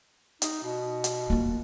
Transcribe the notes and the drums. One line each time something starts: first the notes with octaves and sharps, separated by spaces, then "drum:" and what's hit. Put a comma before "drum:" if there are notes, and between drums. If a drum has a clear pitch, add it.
D#4, drum: hi-hat
B2
drum: hi-hat
A#3 F4